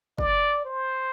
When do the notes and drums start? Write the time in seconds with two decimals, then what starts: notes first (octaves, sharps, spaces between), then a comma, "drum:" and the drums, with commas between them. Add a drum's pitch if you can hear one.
0.18 D5, drum: kick
0.65 C5